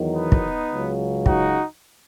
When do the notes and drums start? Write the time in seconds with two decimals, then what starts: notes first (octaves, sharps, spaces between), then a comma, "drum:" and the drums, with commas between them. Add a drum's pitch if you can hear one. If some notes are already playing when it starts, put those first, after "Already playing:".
Already playing: E2 D#3 F#3
0.14 B3 D#4
0.32 drum: kick
0.70 C#2 C#3 F#3
1.26 D#4 F#4, drum: kick